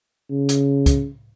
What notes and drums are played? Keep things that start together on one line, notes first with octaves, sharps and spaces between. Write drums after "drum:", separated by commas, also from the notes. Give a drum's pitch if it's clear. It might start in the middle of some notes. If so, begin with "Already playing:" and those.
C#3
drum: hi-hat
drum: kick, hi-hat